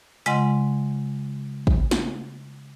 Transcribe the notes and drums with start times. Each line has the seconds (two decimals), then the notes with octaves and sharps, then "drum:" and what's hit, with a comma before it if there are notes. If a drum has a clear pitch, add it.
0.26 C#3 G#3 F4 D#5 F#5 C6, drum: hi-hat
1.67 drum: kick
1.91 drum: snare